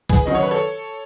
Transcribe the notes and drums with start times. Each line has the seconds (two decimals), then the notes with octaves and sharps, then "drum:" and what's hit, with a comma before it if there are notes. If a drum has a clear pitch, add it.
0.10 G#4 B4, drum: kick
0.26 D#3 F#3 C#4 D#5
0.35 C#5
0.43 B4
0.51 A4 C#5